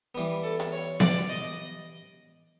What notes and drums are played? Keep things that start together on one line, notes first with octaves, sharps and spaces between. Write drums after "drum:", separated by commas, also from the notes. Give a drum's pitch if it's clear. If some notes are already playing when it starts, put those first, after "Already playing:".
E3 G3 B3
A4
drum: hi-hat
C#5
D5, drum: snare B3
D#5